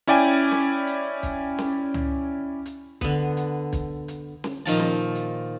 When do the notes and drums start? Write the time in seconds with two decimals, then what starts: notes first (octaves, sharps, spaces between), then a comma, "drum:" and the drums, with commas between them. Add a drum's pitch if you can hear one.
0.07 C#4 E4 D5 G5 G#5
0.52 drum: snare
0.87 drum: hi-hat
1.23 drum: kick, hi-hat
1.59 drum: snare
1.94 drum: tom
2.66 drum: hi-hat
3.01 D3 B3, drum: kick, hi-hat
3.37 drum: hi-hat
3.73 drum: kick, hi-hat
4.08 drum: hi-hat
4.44 drum: snare
4.65 A#2 D#3 F3 A5
4.80 drum: snare
5.15 drum: hi-hat